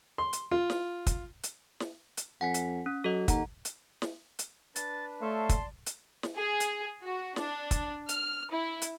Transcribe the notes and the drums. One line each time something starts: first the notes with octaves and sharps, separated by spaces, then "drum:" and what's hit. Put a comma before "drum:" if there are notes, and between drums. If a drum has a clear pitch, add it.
C6
drum: hi-hat
F4
drum: snare
drum: kick, hi-hat
drum: hi-hat
drum: snare
drum: hi-hat
F2 F#5 G#5 B6
drum: hi-hat
C#4
F#3 A4 D#5
D#2 F#5 A#5, drum: kick, hi-hat
drum: hi-hat
drum: snare
drum: hi-hat
D4 B4 A6, drum: hi-hat
A3 C#5 D5 E5 F5 A5 C6
drum: kick, hi-hat
drum: hi-hat
drum: snare
G#4
drum: hi-hat
F#4
D4, drum: snare
drum: kick, hi-hat
F6, drum: hi-hat
E4
drum: hi-hat